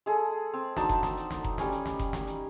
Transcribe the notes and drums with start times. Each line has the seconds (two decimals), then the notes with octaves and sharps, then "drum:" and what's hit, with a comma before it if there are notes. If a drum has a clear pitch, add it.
0.06 G#3 G#4 A4
0.54 C4
0.77 F#3 D4 D#4 A5, drum: snare
0.89 drum: kick F1, hi-hat
1.03 drum: snare
1.17 drum: hi-hat
1.31 drum: snare
1.44 drum: kick F1
1.58 G3 C#4 G#5, drum: snare
1.72 drum: hi-hat
1.86 drum: snare
1.99 drum: kick F1, hi-hat
2.13 drum: snare
2.27 drum: hi-hat